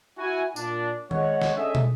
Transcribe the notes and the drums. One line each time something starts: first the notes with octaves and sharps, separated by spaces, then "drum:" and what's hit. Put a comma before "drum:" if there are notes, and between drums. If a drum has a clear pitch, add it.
E4 F#4 G#5
A#2 D4, drum: tambourine
G#3 C#5 F#5, drum: tom D#3
drum: snare
C#4 D4 G#4 A4 D#5 E5
drum: tom